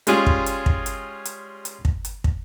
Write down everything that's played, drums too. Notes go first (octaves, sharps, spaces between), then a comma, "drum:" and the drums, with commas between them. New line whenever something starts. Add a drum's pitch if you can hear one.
G3 G#3 C#4 F4 G#4, drum: hi-hat
drum: kick
drum: hi-hat
drum: kick
drum: hi-hat
drum: hi-hat
drum: hi-hat
drum: kick
drum: hi-hat
drum: kick